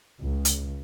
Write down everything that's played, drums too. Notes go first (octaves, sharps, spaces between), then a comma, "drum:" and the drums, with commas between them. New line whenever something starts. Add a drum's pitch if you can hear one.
C#2
drum: hi-hat